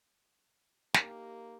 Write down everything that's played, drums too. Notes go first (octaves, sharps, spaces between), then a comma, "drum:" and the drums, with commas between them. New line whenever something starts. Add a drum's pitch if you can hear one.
A#3 D#4 G4 A#4, drum: snare